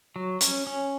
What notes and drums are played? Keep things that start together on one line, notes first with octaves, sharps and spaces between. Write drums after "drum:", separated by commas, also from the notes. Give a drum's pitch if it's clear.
F#3
C#4, drum: hi-hat
C#4